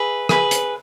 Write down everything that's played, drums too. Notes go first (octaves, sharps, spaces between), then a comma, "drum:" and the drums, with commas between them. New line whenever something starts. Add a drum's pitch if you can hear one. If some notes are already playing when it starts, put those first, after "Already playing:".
Already playing: G#4 B4 E5
G#4 B4 E5, drum: rim click
drum: hi-hat